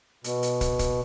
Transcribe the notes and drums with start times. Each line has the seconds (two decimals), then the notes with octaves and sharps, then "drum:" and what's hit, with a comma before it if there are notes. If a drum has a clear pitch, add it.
0.24 B2, drum: hi-hat
0.43 drum: hi-hat
0.61 drum: kick, hi-hat
0.79 drum: kick, hi-hat